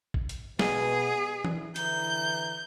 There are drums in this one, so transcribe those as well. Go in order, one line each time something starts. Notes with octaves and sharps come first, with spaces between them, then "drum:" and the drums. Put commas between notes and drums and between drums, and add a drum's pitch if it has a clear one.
drum: kick A1
drum: hi-hat
B2 G#4, drum: snare
E3 D5, drum: tom
D3 E3 A#5 G6, drum: hi-hat